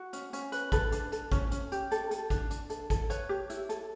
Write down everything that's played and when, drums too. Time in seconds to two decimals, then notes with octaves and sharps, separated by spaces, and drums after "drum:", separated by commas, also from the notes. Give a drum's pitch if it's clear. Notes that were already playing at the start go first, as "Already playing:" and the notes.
Already playing: F#4
0.13 C#4, drum: hi-hat
0.33 C#4, drum: hi-hat
0.52 B4, drum: hi-hat
0.72 A4 B4, drum: kick A1, hi-hat
0.92 D4, drum: hi-hat
1.12 A4, drum: hi-hat
1.32 C#4, drum: kick A1, hi-hat
1.51 C#4, drum: hi-hat
1.72 G4, drum: hi-hat
1.91 A4, drum: hi-hat
2.11 A4, drum: hi-hat
2.30 D4, drum: kick A1, hi-hat
2.50 D4, drum: hi-hat
2.70 A4, drum: hi-hat
2.90 A4, drum: kick A1, hi-hat
3.10 B4 C#5, drum: hi-hat
3.29 G4
3.50 E4, drum: hi-hat
3.69 A4, drum: hi-hat